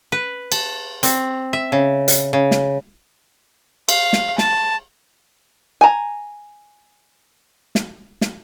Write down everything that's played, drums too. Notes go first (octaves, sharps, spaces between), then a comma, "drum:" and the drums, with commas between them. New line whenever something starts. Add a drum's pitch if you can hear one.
B4
A5, drum: cymbal
C4, drum: hi-hat
E5
C#3
drum: hi-hat
C#3
drum: snare
F5, drum: cymbal
drum: snare
A5, drum: snare
G#5 A#5
drum: snare
drum: snare